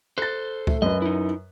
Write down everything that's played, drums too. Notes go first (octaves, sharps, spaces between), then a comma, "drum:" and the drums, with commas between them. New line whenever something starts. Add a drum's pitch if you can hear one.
A4 C5 F#6 A6
A3, drum: kick C#2
F#2 B4 D#5
D#4 E4